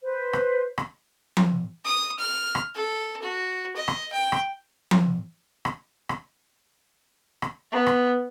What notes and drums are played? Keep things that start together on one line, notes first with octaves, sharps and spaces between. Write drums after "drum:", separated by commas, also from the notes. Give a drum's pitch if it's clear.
B4 C5
drum: rim click
drum: rim click
drum: tom F3
D#6
F6
drum: rim click
A4
F#4
D#5
drum: rim click
G5
drum: rim click
drum: tom F3
drum: rim click
drum: rim click
drum: rim click
B3
drum: rim click